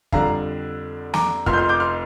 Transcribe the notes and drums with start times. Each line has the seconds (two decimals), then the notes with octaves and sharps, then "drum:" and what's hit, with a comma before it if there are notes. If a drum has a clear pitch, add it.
0.12 F2 D3 G3 F5 A#5, drum: kick
1.14 A#5 D6, drum: snare
1.46 F1 F2 F3 C6 F6, drum: kick
1.53 G6
1.58 C6 F6
1.69 D6 G6
1.80 C6 F6